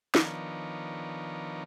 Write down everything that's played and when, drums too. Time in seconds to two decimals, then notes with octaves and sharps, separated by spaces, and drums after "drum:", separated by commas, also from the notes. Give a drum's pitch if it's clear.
0.15 D#3 F3 B3 D4 A#4 C#5, drum: snare